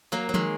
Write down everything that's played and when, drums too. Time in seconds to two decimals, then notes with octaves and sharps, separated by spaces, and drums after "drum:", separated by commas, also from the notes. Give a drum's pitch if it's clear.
0.12 F#3 A#3
0.29 F#3
0.34 D#3 G#3, drum: tom F3